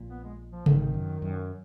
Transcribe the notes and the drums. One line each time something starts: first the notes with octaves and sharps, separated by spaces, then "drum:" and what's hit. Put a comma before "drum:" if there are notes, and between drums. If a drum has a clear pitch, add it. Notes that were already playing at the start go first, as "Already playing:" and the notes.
Already playing: A#1 A#2
B3
G#3
F3
G#1 G#2 D#3, drum: tom C3
F#2
F#2